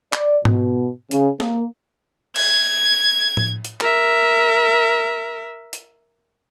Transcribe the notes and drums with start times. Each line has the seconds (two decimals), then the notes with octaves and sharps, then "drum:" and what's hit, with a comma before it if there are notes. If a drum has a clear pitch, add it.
0.13 D5, drum: clap
0.45 B2, drum: tom G#2
1.11 C#3, drum: hi-hat
1.40 A#3, drum: snare
2.36 G#6, drum: cymbal
3.37 drum: tom A2
3.65 drum: hi-hat
3.80 A#4 E5, drum: clap
5.73 drum: hi-hat